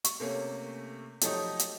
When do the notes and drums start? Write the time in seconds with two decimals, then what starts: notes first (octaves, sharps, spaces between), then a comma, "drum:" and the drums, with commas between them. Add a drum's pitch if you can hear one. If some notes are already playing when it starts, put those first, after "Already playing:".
0.05 C#6, drum: hi-hat
0.20 C3 A3 A#3 C#4
1.21 F3 F#3 A3 D#4 G4 D#5, drum: hi-hat
1.59 drum: hi-hat